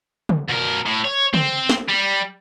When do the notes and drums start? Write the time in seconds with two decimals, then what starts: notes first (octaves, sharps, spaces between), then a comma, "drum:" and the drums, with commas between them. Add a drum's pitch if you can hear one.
0.29 drum: tom C#3
0.50 B2 A#4
0.86 A2
1.05 C#5
1.34 C4, drum: tom C#3
1.70 drum: snare
1.89 G3